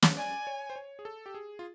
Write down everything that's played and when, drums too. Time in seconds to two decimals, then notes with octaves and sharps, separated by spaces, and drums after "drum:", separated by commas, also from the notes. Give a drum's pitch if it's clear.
0.03 drum: snare
0.17 D5 G#5
0.47 C#5
0.70 C5
0.76 C#5
0.99 G#4
1.05 A4
1.26 G4
1.34 G#4
1.59 F4